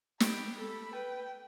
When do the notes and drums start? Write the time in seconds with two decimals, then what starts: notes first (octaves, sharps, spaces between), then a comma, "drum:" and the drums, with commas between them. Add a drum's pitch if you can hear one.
0.20 G4 B5, drum: snare
0.57 A4 B5
0.93 B4 G5